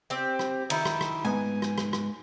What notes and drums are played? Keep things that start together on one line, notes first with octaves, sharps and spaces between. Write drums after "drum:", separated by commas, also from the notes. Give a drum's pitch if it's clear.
C4 G4
drum: rim click
D#3 E4, drum: cymbal
drum: rim click
drum: rim click
G#2 B3 G#5
drum: rim click
drum: rim click
drum: rim click